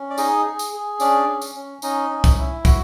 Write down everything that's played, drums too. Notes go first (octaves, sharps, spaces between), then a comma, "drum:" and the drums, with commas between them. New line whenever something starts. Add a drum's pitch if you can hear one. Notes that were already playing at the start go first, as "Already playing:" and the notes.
Already playing: C#4
D5
D#4 G#4 D#5, drum: tambourine
G#4
drum: tambourine
G#4
C#4 D4 D5, drum: tambourine
C#4
drum: tambourine
C#4
C#4 D#4 D#5, drum: tambourine
C#4
drum: kick, tambourine
E4
F#4, drum: kick, tambourine